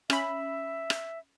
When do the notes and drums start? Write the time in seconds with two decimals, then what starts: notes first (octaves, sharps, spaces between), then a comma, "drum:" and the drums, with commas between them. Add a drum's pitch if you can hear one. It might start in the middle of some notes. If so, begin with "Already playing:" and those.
0.10 C#4 E5 B5, drum: rim click
0.90 drum: rim click